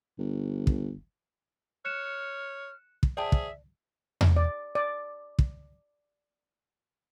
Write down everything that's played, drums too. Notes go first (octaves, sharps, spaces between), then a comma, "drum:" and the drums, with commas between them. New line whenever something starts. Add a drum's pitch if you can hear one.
G1
drum: kick
C#5 F6 F#6 C#7 E7
drum: kick
G#4 C5 D5 E5 G5 A5
drum: kick
drum: tom E2
D5
D5
drum: kick